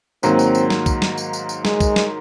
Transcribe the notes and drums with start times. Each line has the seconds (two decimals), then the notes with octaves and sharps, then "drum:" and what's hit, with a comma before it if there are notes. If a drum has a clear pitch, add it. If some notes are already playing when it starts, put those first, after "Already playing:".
0.23 G#2 D#3 F#3 A#3 C4, drum: tambourine
0.39 drum: tambourine
0.55 drum: tambourine
0.70 drum: snare
0.86 drum: kick, tambourine
1.02 drum: snare
1.18 drum: tambourine
1.33 drum: tambourine
1.49 drum: tambourine
1.65 G#3, drum: snare
1.80 drum: kick, tambourine
1.96 drum: snare